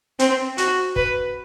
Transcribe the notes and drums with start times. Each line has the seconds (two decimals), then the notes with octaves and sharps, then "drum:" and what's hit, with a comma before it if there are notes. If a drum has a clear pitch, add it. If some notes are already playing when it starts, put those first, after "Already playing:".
0.19 C4, drum: hi-hat
0.58 F#4, drum: hi-hat
0.96 B4, drum: kick